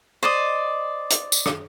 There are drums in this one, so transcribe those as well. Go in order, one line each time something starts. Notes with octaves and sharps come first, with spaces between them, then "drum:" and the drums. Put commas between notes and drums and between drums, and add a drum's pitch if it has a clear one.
C5 D5 D#5
drum: hi-hat
drum: tambourine
drum: rim click